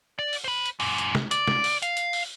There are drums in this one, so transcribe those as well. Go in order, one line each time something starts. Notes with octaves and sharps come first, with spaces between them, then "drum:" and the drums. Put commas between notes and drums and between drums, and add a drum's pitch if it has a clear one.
D5
drum: open hi-hat
C5 B5
drum: hi-hat
F#2 A#2, drum: open hi-hat
drum: hi-hat
drum: snare
D5, drum: hi-hat
drum: snare
drum: open hi-hat
F5, drum: hi-hat
drum: hi-hat
drum: open hi-hat